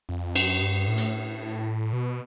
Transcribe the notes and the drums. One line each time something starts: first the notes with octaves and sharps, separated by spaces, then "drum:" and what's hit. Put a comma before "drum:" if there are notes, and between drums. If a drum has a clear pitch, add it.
F2
F#2, drum: cymbal
G2
A2
drum: hi-hat
B2